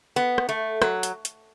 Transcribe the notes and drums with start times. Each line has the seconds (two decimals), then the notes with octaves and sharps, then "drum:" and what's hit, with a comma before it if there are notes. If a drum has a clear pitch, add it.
0.16 B3
0.38 drum: rim click
0.49 A3
0.82 F#3, drum: rim click
1.03 drum: hi-hat
1.25 drum: hi-hat